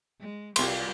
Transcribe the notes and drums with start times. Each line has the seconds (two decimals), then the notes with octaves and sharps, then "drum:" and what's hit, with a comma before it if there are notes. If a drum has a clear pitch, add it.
0.20 G#3
0.56 C2 G3 F4 C6, drum: cymbal